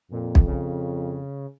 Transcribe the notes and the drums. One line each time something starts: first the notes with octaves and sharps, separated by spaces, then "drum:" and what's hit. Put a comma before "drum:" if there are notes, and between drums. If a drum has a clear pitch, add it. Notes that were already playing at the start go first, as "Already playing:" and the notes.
F2 A#2
drum: kick B1
C#3